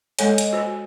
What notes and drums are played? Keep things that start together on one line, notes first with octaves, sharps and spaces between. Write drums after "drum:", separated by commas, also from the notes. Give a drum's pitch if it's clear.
G#3 A4 C#5 D#5 G#5, drum: hi-hat
drum: hi-hat
F#4 C5